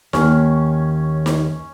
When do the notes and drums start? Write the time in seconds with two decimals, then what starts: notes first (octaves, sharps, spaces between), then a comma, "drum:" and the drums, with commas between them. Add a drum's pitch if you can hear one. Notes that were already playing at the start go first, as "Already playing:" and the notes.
0.13 D#2 C#4, drum: snare D#4
1.26 drum: snare D#4